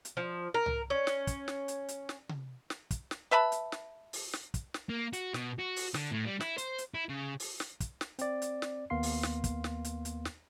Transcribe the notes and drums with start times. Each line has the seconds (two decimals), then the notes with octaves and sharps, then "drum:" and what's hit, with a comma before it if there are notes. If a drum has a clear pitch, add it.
0.05 drum: hi-hat
0.17 F3
0.54 A#4
0.66 drum: tom C2
0.90 C#4
1.07 drum: snare
1.27 drum: kick, hi-hat
1.48 drum: snare
1.68 drum: hi-hat
1.88 drum: hi-hat
2.09 drum: snare
2.29 drum: tom C3
2.70 drum: snare
2.91 drum: kick, hi-hat
3.11 drum: snare
3.31 B4 E5 A5 B5
3.52 drum: hi-hat
3.72 drum: snare
4.13 drum: open hi-hat
4.33 drum: snare
4.54 drum: kick, hi-hat
4.74 drum: snare
4.89 A#3
5.13 F#4, drum: hi-hat
5.34 B2, drum: snare
5.59 F#4
5.76 drum: open hi-hat
5.94 D3, drum: snare
6.11 A2
6.25 G3
6.40 E4, drum: snare
6.58 C5, drum: hi-hat
6.78 drum: hi-hat
6.95 E4
7.09 C#3
7.40 drum: open hi-hat
7.60 drum: snare
7.80 drum: kick, hi-hat
8.01 drum: snare
8.19 C4 D5, drum: hi-hat
8.42 drum: hi-hat
8.62 drum: snare
8.90 D#2 A#3 B3 F5 C6 C7
9.03 drum: open hi-hat
9.23 drum: snare
9.44 drum: kick, hi-hat
9.64 drum: snare
9.85 drum: hi-hat
10.05 drum: hi-hat
10.25 drum: snare